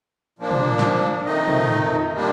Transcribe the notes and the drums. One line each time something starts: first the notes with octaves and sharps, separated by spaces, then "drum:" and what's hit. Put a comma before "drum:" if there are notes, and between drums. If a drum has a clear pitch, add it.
A#2 F3 A#3 D4
drum: tom
drum: snare
F2 D#3 A3 D#4 D#5
drum: tom
A#2 G3 A#3 D4